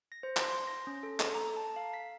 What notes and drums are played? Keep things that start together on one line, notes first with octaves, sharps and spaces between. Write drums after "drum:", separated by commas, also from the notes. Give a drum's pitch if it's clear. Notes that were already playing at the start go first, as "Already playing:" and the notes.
A#6
C5
C6, drum: clap
C6
A#6
C#4
A4
A4, drum: clap
A#5
A5
F5
B6